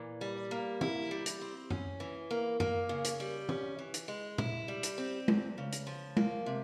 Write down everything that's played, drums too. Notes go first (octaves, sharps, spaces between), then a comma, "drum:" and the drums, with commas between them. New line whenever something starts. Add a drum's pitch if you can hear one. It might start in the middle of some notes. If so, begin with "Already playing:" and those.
Already playing: A#2 E3
G3
A#3
E4, drum: tom
G3
drum: hi-hat
C4
C#4, drum: tom F#2
E3
A#3
A#3, drum: tom F#2
C#3
drum: hi-hat
G3
C#4, drum: tom
E3
drum: hi-hat
G#3
E4, drum: tom
G3
drum: hi-hat
C4
E2, drum: tom G#3
C#3
drum: hi-hat
F3
A#3, drum: tom G#3
C3